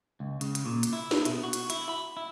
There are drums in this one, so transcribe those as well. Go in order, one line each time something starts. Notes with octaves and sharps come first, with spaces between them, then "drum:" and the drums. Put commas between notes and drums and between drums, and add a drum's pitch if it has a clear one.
C#2
C#3, drum: hi-hat
drum: hi-hat
A#2
drum: hi-hat
E4
drum: snare
B2, drum: hi-hat
F#4
drum: hi-hat
E4, drum: hi-hat
B5
E4